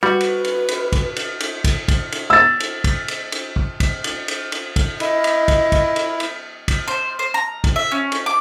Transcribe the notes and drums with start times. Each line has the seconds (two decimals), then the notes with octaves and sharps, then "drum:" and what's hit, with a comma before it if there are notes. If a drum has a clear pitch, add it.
0.03 G3 F#4 B4
0.21 drum: cymbal
0.44 drum: cymbal
0.68 drum: cymbal
0.92 drum: kick, cymbal
1.16 drum: cymbal
1.40 drum: cymbal
1.64 drum: kick, cymbal
1.88 drum: kick, cymbal
2.12 drum: cymbal
2.30 E6 A6
2.60 drum: cymbal
2.84 drum: kick, cymbal
3.08 drum: cymbal
3.32 drum: cymbal
3.56 drum: kick
3.80 drum: kick, cymbal
4.04 drum: cymbal
4.28 drum: cymbal
4.52 drum: cymbal
4.76 drum: kick, cymbal
5.00 E4 D#5, drum: cymbal
5.24 drum: cymbal
5.48 drum: kick, cymbal
5.72 drum: kick, cymbal
5.96 drum: cymbal
6.20 drum: cymbal
6.68 drum: kick, cymbal
6.88 C5
7.19 C5
7.34 A#5
7.64 drum: kick, cymbal
7.76 E5
7.92 C#4
8.12 drum: cymbal
8.26 D6